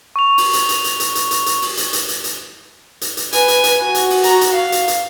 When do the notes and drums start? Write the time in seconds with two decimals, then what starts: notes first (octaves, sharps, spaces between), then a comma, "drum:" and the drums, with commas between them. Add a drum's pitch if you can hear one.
0.16 C#6 F7
0.38 drum: open hi-hat
0.53 drum: hi-hat
0.69 drum: hi-hat
0.84 drum: hi-hat
1.00 drum: hi-hat
1.15 drum: hi-hat
1.31 drum: hi-hat
1.46 drum: hi-hat
1.62 drum: open hi-hat
1.77 drum: hi-hat
1.93 drum: hi-hat
2.08 drum: hi-hat
2.24 drum: hi-hat
3.01 drum: hi-hat
3.17 drum: hi-hat
3.32 B4 G#5, drum: hi-hat
3.48 drum: hi-hat
3.64 drum: hi-hat
3.84 F#4
3.95 drum: hi-hat
4.10 drum: open hi-hat
4.24 A#5, drum: hi-hat
4.41 drum: hi-hat
4.52 F5
4.72 drum: hi-hat
4.88 drum: hi-hat